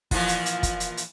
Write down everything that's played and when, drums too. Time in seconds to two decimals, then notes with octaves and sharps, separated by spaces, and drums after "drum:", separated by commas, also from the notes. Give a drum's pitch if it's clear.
0.11 A#2 E3 F3, drum: kick, open hi-hat
0.28 drum: hi-hat
0.46 drum: hi-hat
0.63 drum: kick, hi-hat
0.80 drum: hi-hat
0.97 drum: hi-hat